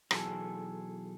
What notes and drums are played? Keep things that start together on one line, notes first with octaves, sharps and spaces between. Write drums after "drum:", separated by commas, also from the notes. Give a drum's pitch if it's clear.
B1 E3 G#4 A4, drum: rim click